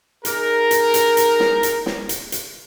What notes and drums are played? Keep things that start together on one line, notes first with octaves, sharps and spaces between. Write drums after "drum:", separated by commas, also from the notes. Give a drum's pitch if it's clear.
D#4 G#4 A#4, drum: hi-hat
drum: hi-hat
drum: hi-hat
drum: hi-hat
drum: snare
drum: hi-hat
drum: snare
drum: hi-hat
drum: hi-hat